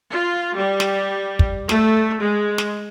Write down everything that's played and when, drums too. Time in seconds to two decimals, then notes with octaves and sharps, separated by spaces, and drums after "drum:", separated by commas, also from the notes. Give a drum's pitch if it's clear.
0.11 F4
0.56 G3
0.80 drum: snare
1.39 drum: kick
1.69 A3, drum: snare
2.22 G#3
2.58 drum: snare